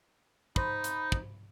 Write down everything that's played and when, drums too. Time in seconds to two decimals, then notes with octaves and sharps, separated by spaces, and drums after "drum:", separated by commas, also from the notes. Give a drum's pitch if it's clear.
0.56 D#4 C5 B5, drum: kick
0.84 drum: hi-hat
1.12 drum: kick